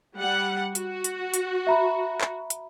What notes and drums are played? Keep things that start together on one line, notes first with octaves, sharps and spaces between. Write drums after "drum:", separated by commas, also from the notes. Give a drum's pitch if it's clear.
G3 F#5
F#4, drum: hi-hat
drum: hi-hat
drum: hi-hat
E5 A#5 B5
drum: clap
drum: hi-hat